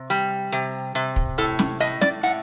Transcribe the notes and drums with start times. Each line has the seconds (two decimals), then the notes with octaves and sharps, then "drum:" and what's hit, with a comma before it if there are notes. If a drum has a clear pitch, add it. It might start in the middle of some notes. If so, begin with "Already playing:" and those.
Already playing: C3
0.10 G3
0.52 C3
0.95 C3
1.16 drum: kick
1.38 A2 A4
1.59 drum: snare
1.80 A2 D#5
2.01 D5, drum: snare
2.23 A2 F#5